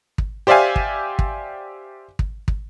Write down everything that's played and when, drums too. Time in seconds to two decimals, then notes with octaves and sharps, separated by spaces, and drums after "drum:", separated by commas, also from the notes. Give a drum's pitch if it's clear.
0.18 drum: kick
0.47 G4 C5 D5 E5 F5 G#5
0.76 drum: kick
1.19 drum: kick
2.19 drum: kick
2.48 drum: kick